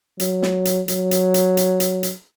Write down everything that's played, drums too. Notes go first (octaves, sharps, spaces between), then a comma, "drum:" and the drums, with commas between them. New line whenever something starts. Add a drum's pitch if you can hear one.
F#3, drum: hi-hat
drum: snare
drum: hi-hat
F#3, drum: hi-hat
drum: hi-hat
drum: hi-hat
drum: hi-hat
drum: hi-hat
drum: hi-hat